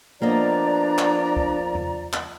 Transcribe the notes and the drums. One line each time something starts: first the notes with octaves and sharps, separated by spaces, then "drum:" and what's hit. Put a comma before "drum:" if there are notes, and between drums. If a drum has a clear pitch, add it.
F3 A#3 B3 D4 D5 D#5 A#5
drum: clap
drum: kick
drum: tom E2
drum: clap